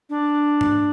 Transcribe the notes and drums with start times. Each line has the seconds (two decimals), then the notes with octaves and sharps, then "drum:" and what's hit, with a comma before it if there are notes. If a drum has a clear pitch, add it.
0.09 D4
0.61 drum: tom G#2